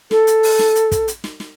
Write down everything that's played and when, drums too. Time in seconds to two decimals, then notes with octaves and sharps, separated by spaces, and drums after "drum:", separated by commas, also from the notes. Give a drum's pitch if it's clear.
0.11 A4, drum: snare
0.27 drum: hi-hat
0.43 drum: open hi-hat
0.59 drum: snare
0.75 drum: hi-hat
0.91 drum: kick, hi-hat
1.08 drum: hi-hat
1.24 drum: snare
1.40 drum: snare